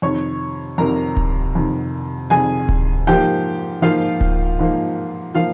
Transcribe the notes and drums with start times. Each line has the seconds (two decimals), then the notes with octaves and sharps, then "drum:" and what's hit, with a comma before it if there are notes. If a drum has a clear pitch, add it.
0.02 F2 C3 D#3 C#5 C#6
0.78 F2 C3 D#3 A#4 A#5
1.17 drum: kick D1
1.55 F2 C3 D#3
2.30 F2 C3 D#3 G#4 G#5
2.69 drum: kick D1
3.07 G#2 F3 A#3 G4 G5
3.82 G#2 F3 A#3 F4 F5
4.21 drum: kick D1
4.59 G#2 F3 A#3
5.34 F3 A#3 F4 F5